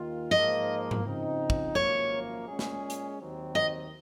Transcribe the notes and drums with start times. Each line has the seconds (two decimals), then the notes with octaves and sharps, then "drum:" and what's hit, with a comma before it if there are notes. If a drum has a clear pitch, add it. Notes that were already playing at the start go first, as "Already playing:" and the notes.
Already playing: D#2 D#3 A#3 F4
0.31 G#2 F3 A#3 D#5
0.91 drum: tom G#2
1.04 C#3 F3 C4 D#4
1.50 drum: kick
1.75 G#1 F#2 F3 A#3 C#5
2.47 A#2 G#3 C#4 G#4
2.59 drum: snare
2.90 drum: hi-hat
3.19 D#2 D#3 F#3 C4
3.55 D#5